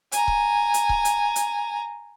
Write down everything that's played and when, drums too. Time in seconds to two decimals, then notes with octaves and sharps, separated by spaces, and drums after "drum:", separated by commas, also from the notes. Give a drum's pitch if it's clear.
0.12 G#5 A#5, drum: hi-hat
0.28 drum: kick C#1
0.74 drum: hi-hat
0.89 drum: kick C#1
1.05 drum: hi-hat
1.36 drum: hi-hat